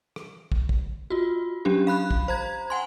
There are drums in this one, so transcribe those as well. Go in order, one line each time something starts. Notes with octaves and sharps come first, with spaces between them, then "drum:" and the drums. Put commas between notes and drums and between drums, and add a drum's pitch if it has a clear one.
drum: rim click
drum: kick
drum: kick
F4 F#4
F#3 C#4 D4 G4
F5 B5 F#6
drum: kick
C5 A#5 G#6
F#5 G#5 C6